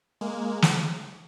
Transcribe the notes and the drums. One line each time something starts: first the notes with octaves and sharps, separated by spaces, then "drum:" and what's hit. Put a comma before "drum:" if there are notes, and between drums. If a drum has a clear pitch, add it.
G#3 A#3
drum: snare